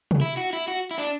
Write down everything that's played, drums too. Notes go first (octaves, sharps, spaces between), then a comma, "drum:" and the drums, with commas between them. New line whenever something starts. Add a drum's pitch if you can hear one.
drum: tom
E4
F#4
E4
F#4
E4
D4